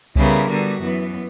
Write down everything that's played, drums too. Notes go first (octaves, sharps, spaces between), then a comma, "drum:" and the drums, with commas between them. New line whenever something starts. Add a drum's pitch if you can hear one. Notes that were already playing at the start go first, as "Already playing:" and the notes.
C#3 G3 B3 E4 A#4, drum: kick C2
D3 G3 B3 F#4
F#2 E3 B3